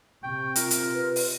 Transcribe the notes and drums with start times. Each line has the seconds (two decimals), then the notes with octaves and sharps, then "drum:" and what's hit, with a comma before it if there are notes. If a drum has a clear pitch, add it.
0.23 C3 G5 C#6
0.56 F4 A#4, drum: hi-hat
0.71 drum: hi-hat
0.95 B4
1.16 drum: open hi-hat